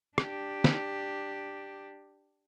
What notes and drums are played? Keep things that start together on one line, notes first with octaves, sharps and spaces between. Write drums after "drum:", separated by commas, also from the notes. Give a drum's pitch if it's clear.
D4 G4, drum: rim click
drum: snare